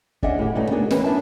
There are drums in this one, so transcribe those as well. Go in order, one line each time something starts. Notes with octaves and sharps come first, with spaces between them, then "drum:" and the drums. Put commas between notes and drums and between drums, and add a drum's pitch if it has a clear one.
C#4 D4 G#4 D#5 E5 F#5, drum: kick
A2 G4
G2 C#3 G3 A3 D#4
B3 D4 F#4 G#4 A#4 F#5
E3 C4 C#4 E4 A#4 B4, drum: snare
F#2 B3 D4 E5 A5